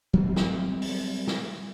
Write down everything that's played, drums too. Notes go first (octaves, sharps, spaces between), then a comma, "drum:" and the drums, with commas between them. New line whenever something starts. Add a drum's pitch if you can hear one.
F#3 G3 C4
drum: snare
drum: open hi-hat
drum: snare